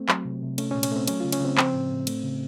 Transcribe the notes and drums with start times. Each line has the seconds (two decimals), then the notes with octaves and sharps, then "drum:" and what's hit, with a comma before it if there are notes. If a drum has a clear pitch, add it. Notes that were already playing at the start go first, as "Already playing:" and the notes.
Already playing: A3 C4
0.09 F#3, drum: clap
0.25 C3
0.42 C3
0.58 A3 C#4, drum: cymbal
0.71 C#4
0.74 A#2
0.83 C#4, drum: cymbal
0.92 A3 C4
1.08 F#3 C#4, drum: cymbal
1.20 C#3 F4
1.32 C#4, drum: cymbal
1.41 C#3 C4
1.58 F3 C4, drum: clap
1.74 A2
1.91 A2
2.07 A3, drum: cymbal
2.23 C#3